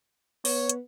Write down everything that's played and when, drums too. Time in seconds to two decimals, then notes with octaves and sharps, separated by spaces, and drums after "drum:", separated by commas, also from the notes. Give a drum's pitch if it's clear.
0.45 B3 C#5, drum: open hi-hat
0.69 drum: hi-hat